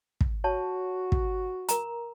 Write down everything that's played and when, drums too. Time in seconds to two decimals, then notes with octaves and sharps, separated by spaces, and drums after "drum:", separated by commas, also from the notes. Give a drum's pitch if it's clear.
0.21 drum: kick
0.44 F#4 C#5 A5
1.12 drum: kick
1.69 A#4 A#5, drum: hi-hat